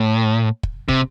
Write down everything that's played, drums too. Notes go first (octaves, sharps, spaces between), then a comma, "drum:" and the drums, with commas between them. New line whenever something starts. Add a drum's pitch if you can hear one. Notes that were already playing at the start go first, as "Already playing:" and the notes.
Already playing: A2
drum: kick
C3, drum: kick